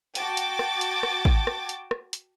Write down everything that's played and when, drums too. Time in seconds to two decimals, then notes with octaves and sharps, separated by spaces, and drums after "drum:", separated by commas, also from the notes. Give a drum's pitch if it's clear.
0.15 F#4 G5 A5 D6 A6, drum: hi-hat
0.37 drum: hi-hat
0.59 drum: rim click
0.81 drum: hi-hat
1.03 drum: rim click
1.25 drum: kick A1
1.47 drum: rim click
1.69 drum: hi-hat
1.91 drum: rim click
2.13 drum: hi-hat